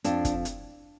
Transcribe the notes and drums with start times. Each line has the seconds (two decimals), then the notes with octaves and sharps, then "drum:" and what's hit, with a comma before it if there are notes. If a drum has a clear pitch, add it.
0.04 F2 D4, drum: hi-hat
0.25 drum: kick, hi-hat
0.45 drum: hi-hat